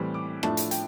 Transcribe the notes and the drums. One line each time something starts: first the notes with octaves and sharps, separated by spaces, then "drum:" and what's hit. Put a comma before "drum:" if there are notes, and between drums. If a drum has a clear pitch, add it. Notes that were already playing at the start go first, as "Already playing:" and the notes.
Already playing: A2 E3 G3 C4
D6
A2 F3 A3 D4 A5, drum: rim click
drum: hi-hat
G5, drum: hi-hat